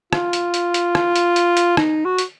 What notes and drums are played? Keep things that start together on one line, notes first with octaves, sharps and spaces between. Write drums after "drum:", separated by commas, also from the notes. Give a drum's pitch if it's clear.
F4, drum: rim click
drum: hi-hat
drum: hi-hat
drum: hi-hat
drum: rim click
drum: hi-hat
drum: hi-hat
drum: hi-hat
D#4, drum: rim click
F#4
drum: hi-hat